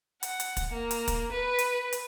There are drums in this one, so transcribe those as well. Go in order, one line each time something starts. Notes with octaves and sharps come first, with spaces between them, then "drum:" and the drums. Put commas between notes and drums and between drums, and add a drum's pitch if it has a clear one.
F#5, drum: hi-hat
drum: hi-hat
drum: kick, hi-hat
A#3
drum: hi-hat
drum: kick, hi-hat
B4
drum: hi-hat
drum: hi-hat